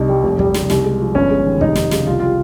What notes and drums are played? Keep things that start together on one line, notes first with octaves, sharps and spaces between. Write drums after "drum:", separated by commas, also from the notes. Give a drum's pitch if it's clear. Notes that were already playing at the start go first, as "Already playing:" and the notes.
Already playing: C2 D#4
G3
F1
G3, drum: kick
C#3, drum: snare
C2, drum: snare
G#3
F3
G1 C#4
G#3
D#3
F1 D#4, drum: kick
G3, drum: snare
C#3, drum: snare
C2 F4
G3 F4